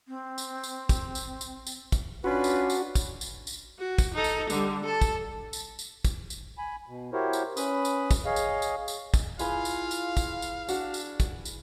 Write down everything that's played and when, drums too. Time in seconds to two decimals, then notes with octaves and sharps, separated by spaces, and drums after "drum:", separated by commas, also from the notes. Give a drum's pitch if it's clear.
0.08 C4
0.38 drum: tambourine
0.64 drum: tambourine
0.89 drum: kick, tambourine
1.15 drum: tambourine
1.41 drum: tambourine
1.67 drum: tambourine
1.92 drum: kick, tambourine
2.24 C#4 D4 F4 F#4 B4
2.44 drum: tambourine
2.70 drum: tambourine
2.95 drum: kick, tambourine
3.21 drum: tambourine
3.47 drum: tambourine
3.79 F#4
3.98 drum: kick, tambourine
4.14 D#4 A4
4.24 drum: tambourine
4.50 D3 G3, drum: tambourine
4.84 A4 A5
5.01 drum: kick, tambourine
5.53 drum: tambourine
5.79 drum: tambourine
6.05 drum: kick, tambourine
6.30 drum: tambourine
6.58 G#5 B5
6.87 B2
7.13 E4 F#4 G4 A#4 C5 C#5
7.33 drum: tambourine
7.57 C#4 B4 B5 D#6, drum: tambourine
7.85 drum: tambourine
8.11 drum: kick, tambourine
8.25 G#4 C#5 D#5 F5
8.36 drum: tambourine
8.62 drum: tambourine
8.88 drum: tambourine
9.14 drum: kick, tambourine
9.39 E4 F4 G#4 B4 F5, drum: tambourine
9.65 drum: tambourine
9.91 drum: tambourine
10.17 drum: kick, tambourine
10.42 drum: tambourine
10.69 D4 F#4, drum: tambourine
10.94 drum: tambourine
11.20 drum: kick, tambourine
11.45 drum: tambourine